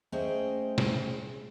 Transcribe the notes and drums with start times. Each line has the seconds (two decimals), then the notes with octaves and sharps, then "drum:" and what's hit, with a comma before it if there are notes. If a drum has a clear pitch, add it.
0.12 A3 C#4 G#4 C5 D#5 G5
0.78 drum: snare